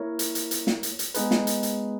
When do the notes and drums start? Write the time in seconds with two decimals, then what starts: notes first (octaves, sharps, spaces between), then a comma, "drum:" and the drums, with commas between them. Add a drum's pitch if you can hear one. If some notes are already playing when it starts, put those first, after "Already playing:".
Already playing: A#3 E4 A#4 C#5
0.19 drum: hi-hat
0.35 drum: hi-hat
0.51 drum: hi-hat
0.67 drum: snare
0.83 drum: hi-hat
0.99 drum: hi-hat
1.14 G#3 B3 D#4 G#4 B4, drum: hi-hat
1.31 drum: snare
1.47 drum: hi-hat
1.63 drum: hi-hat